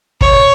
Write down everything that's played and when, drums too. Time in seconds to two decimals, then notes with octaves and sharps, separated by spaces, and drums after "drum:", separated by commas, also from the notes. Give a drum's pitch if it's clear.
0.21 C#5, drum: kick